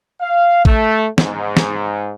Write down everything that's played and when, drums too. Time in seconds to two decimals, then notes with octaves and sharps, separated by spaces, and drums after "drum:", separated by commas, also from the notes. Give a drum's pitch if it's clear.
0.20 F5
0.65 A3, drum: kick
1.18 G#2, drum: snare
1.57 drum: snare